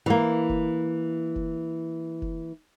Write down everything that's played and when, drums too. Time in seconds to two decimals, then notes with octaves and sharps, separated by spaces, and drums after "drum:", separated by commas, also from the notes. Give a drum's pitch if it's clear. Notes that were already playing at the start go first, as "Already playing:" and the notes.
0.06 E3 A#3
0.49 drum: kick F1
1.36 drum: kick F1
2.22 drum: kick F1